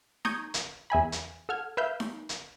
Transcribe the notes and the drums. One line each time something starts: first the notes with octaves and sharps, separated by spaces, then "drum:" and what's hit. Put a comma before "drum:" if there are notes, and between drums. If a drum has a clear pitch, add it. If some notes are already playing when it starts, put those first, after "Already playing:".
A#5 C#6 D#6 G6 G#6, drum: snare D#4
drum: hi-hat
E2 E5 G#5 B5
drum: hi-hat
A4 F#5 F6 G#6
B4 E5 F5 E6 F6 G6
drum: snare D#4
drum: hi-hat